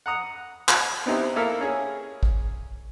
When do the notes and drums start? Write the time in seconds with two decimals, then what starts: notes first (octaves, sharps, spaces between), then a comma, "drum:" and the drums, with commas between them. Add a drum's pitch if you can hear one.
0.06 F#5 A#5 D#6
0.68 drum: clap
1.06 B3 C4 D#4 E4 G4
1.36 A#3 E4 A4 A#4 E5 F5
1.61 C#4 G#4
2.23 drum: kick A1